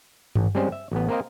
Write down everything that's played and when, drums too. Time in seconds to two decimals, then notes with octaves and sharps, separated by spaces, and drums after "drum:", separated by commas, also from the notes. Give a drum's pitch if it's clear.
0.35 A1, drum: tom G2
0.55 G3 G#3 C4 C#4 C5
0.72 E5
0.92 A1 B3
1.09 A#3 C4 A#4 C5 D#5 F5